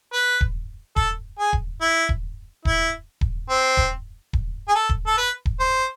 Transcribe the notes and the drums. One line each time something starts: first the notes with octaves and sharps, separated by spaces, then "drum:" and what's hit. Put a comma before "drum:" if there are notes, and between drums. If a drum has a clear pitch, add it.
B4
drum: kick D#1
A4, drum: kick D#1
G#4
drum: kick D#1
E4
drum: kick D#1
E4, drum: kick D#1
drum: kick D#1
C4
drum: kick D#1
drum: kick D#1
G#4
A4
drum: kick D#1
A4
B4
drum: kick D#1
C5